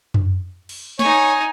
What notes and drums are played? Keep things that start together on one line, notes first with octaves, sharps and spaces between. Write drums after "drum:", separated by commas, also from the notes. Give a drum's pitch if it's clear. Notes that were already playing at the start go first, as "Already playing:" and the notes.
drum: tom F#2
drum: cymbal
D#4 C#5 G#5 C#6, drum: snare